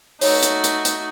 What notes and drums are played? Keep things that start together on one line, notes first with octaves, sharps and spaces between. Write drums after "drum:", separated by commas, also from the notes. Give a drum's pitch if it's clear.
A3 D#4 F#4 C#5, drum: open hi-hat
drum: hi-hat
drum: hi-hat
drum: hi-hat